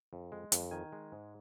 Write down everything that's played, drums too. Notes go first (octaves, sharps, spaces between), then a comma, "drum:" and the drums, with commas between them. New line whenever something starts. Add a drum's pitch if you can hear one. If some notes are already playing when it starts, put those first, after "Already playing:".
F2
G#3
F2, drum: hi-hat
D#3 G#5
G#3
G#2